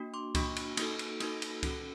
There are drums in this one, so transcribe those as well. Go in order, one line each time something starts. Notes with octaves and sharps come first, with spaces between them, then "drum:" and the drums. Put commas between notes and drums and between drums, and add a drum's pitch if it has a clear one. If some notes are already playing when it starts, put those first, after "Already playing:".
Already playing: A#3 D4 F#4
C6 D6
A#3 D4 F#4 B5 C#6, drum: kick C#2, cymbal
drum: cymbal
A#3 D#4 F#4 A4, drum: cymbal
drum: cymbal
A#3 D#4 F#4 A4, drum: cymbal
drum: cymbal
C#4 F#4 A4, drum: kick C#2, cymbal